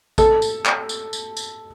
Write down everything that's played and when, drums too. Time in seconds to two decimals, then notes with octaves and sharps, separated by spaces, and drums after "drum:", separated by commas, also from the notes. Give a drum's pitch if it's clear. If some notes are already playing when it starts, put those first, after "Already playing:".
0.18 A4, drum: kick, tambourine
0.42 drum: tambourine
0.66 drum: clap
0.89 drum: tambourine
1.13 drum: tambourine
1.37 drum: tambourine